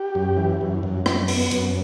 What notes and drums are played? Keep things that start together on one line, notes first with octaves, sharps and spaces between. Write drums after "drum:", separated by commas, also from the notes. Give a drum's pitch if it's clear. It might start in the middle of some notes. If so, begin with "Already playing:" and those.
Already playing: G4
F#2
E3
F#2
F#2
F#2, drum: rim click
B3, drum: open hi-hat
F#2, drum: hi-hat